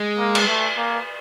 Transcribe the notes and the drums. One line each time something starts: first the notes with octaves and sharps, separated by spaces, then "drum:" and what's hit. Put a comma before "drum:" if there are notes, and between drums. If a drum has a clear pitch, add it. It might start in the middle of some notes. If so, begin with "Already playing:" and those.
Already playing: G#3
A#3
drum: cymbal
A3
A#3